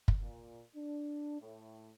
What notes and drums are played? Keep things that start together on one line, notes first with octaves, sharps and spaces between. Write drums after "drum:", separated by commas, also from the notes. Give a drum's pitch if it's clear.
drum: kick F#1
A#2
D4
A2